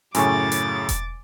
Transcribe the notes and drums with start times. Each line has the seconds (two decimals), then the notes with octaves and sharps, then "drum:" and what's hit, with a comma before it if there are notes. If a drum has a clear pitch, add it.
0.15 F#2 A2 C#3 G#5 C#6 D6 A6, drum: hi-hat
0.52 drum: hi-hat
0.89 drum: kick E1, hi-hat